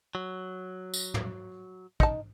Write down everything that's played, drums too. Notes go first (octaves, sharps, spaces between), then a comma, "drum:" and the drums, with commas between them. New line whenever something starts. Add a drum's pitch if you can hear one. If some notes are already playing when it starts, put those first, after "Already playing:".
F#3
drum: tambourine
drum: tom
D#4 A5, drum: kick